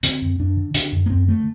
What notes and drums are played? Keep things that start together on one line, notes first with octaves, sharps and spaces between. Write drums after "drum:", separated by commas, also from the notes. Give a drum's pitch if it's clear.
D3 C4, drum: hi-hat
F#2
F#2 D4
D3
D3 D4, drum: hi-hat
F#2
A#3
F#2 C4
D3 A3